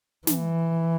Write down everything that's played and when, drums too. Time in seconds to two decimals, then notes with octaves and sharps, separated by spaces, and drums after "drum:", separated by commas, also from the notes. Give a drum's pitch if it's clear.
0.27 E3, drum: snare